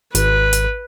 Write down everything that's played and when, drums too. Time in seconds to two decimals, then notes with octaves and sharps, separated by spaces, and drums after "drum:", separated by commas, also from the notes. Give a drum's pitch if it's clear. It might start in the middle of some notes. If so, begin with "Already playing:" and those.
0.15 G#1 B4, drum: hi-hat
0.53 drum: hi-hat